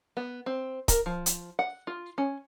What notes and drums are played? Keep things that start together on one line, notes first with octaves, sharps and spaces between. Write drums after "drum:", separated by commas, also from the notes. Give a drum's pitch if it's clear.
B3
C4
A#4, drum: kick C#1, hi-hat
F3
drum: hi-hat
F#5
F4
C#4